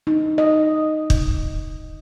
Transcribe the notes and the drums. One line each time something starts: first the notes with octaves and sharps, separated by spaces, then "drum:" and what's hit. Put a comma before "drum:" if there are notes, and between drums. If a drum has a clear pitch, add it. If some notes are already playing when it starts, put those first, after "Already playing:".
D#4
D#5
drum: kick